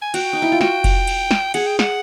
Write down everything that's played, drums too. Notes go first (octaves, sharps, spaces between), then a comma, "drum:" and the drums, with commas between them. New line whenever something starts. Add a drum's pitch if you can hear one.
G#5
F#4 G5, drum: cymbal
D#4
E4
F4
F#4 G5, drum: snare
drum: kick F1, cymbal
drum: cymbal
drum: snare
G#4 F#5, drum: cymbal
G5
F#5, drum: snare